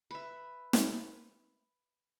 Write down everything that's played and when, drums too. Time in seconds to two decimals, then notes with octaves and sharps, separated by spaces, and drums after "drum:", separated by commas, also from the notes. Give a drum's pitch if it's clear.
0.11 B4 E5
0.73 drum: snare